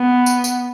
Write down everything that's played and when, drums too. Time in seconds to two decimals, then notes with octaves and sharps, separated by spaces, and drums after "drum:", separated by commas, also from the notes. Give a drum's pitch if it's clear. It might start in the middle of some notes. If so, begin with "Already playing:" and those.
Already playing: B3
0.26 drum: tambourine
0.44 drum: tambourine